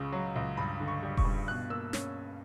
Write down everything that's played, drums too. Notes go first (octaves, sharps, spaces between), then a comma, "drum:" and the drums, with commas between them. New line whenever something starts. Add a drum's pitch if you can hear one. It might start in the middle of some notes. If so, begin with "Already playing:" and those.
Already playing: C#2 C#3 C#6
F#3
C#2
G2 B5
D3
C#6
G3
C#6, drum: kick E1
G2
B2 F#6
A#3 E6
C#4, drum: snare